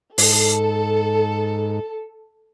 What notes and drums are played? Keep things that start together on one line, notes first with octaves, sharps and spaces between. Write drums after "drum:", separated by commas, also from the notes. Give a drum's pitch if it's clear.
G#2 A4, drum: open hi-hat